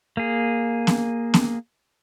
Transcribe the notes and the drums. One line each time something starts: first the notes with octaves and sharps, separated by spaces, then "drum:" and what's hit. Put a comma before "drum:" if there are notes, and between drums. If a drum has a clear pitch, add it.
A#3 G#4
drum: snare B3
drum: snare B3